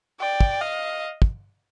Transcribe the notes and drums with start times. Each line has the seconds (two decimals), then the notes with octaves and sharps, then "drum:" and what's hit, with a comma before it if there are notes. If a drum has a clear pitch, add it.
0.20 D5 G5
0.41 drum: kick
0.60 D#5 F5
1.22 drum: kick